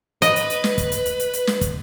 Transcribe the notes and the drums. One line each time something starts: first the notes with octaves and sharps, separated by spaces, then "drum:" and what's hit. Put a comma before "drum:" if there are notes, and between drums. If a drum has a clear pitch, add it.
B4 D#5, drum: hi-hat
drum: hi-hat
drum: hi-hat
drum: snare
drum: kick, hi-hat
drum: hi-hat
drum: hi-hat
drum: hi-hat
drum: hi-hat
drum: snare
drum: kick, hi-hat